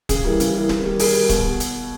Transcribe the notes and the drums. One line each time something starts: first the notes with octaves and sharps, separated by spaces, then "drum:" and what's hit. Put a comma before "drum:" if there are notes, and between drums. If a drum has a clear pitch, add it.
C#3 G#4, drum: kick, hi-hat
E3 G3 A#3
C#3, drum: hi-hat
E3 G3 A#3
D#3, drum: snare D1
G3 A#3
D#3 G#4, drum: open hi-hat
G3 A#3
B2, drum: kick, hi-hat
drum: hi-hat